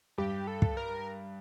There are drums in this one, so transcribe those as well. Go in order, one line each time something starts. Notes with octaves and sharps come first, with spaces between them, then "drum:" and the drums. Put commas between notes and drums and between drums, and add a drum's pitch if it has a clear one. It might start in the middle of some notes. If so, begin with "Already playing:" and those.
G2 G4
A4
drum: kick
A#4